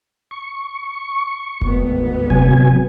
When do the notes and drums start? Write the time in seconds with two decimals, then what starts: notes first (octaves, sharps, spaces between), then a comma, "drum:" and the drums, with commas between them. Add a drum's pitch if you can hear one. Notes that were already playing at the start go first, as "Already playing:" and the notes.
0.31 C#6
1.61 G#1 D2 B3, drum: kick F1
2.30 C3 F#3 G#5, drum: kick F1